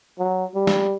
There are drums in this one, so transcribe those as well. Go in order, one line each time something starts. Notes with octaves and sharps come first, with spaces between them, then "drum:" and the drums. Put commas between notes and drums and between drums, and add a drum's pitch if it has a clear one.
F#3
G3
drum: snare